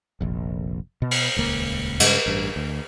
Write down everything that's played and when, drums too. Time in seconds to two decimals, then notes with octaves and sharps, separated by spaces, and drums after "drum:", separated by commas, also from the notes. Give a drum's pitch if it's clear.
0.21 F1 A#1
1.02 B2
1.11 drum: cymbal
1.36 D#1 C#2 A#3
2.00 G2 C#3 G#3, drum: cymbal
2.26 A1 G2
2.56 D2